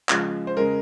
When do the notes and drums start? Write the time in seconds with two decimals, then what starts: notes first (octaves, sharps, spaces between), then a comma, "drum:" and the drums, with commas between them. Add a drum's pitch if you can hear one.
0.09 C#3 F3 G#3, drum: clap
0.47 C5
0.57 C#3 G#3 A#4